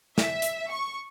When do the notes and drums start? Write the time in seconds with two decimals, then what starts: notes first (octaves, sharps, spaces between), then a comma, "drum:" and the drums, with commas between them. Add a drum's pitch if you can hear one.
0.18 E5, drum: snare
0.42 drum: hi-hat
0.71 C#6